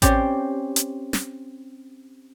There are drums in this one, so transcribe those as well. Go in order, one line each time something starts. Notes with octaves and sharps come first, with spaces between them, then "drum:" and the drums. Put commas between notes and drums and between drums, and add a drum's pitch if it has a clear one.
C4 C#4 G4 C5 D5, drum: kick A1, hi-hat
drum: hi-hat
drum: snare